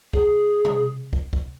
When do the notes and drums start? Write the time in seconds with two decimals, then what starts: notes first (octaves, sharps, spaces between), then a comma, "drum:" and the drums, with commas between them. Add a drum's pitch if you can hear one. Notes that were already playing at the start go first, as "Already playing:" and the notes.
0.13 G#4, drum: kick
0.65 drum: tom B2
1.13 drum: kick
1.33 drum: kick